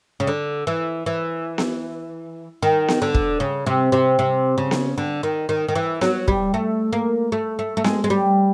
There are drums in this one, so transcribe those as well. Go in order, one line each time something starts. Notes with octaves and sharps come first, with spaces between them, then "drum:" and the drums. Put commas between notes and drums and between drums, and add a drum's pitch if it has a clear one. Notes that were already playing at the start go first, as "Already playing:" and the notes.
C#3
D3
E3
E3
drum: snare B3
D#3
drum: snare B3
D3
drum: kick
C#3
C3
C3
C3
C#3
drum: snare B3
D3
D#3
D#3
D#3
E3
F#3, drum: snare B3
G3, drum: kick
A3
A#3
A3
A3
A3
G#3, drum: snare B3
G#3
G3